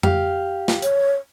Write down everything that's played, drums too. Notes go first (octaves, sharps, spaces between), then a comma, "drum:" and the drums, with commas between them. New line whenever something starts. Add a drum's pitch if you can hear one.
G4 F5, drum: tom F2
drum: snare
C#5, drum: hi-hat